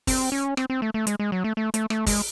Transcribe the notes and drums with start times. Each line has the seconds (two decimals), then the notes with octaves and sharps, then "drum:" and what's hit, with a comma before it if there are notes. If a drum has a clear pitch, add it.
0.07 C4, drum: kick, open hi-hat
0.32 C#4
0.57 C4, drum: rim click
0.70 C4
0.82 A3
0.94 A3
1.07 G#3, drum: hi-hat
1.20 G#3
1.32 F#3
1.44 A3
1.57 A3
1.74 A3, drum: hi-hat
1.90 A3, drum: rim click
2.06 G#3, drum: kick, open hi-hat